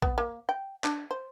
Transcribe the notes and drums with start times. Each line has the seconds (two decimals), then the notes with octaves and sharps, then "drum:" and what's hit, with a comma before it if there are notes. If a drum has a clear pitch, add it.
0.02 B3, drum: kick
0.18 A#3
0.49 G5
0.84 D4, drum: clap
1.11 C5